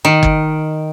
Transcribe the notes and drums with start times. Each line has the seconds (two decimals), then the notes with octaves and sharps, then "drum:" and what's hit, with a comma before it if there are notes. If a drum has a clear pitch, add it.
0.05 D#3
0.23 drum: kick